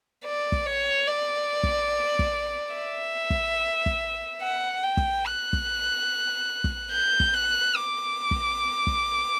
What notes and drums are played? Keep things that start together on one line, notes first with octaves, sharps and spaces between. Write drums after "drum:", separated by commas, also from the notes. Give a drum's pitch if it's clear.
D5
drum: kick
C#5
D5
drum: kick
drum: kick
E5
drum: kick
drum: kick
F#5
G5
drum: kick
F#6
drum: kick
drum: kick
G6
drum: kick
F#6
D6
drum: kick
drum: kick